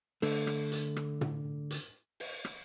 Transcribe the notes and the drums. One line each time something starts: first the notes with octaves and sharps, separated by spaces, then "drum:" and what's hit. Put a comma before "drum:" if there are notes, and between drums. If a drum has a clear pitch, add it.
D3 A3, drum: open hi-hat
drum: rim click
drum: hi-hat
drum: rim click
drum: tom
drum: hi-hat
drum: open hi-hat
drum: rim click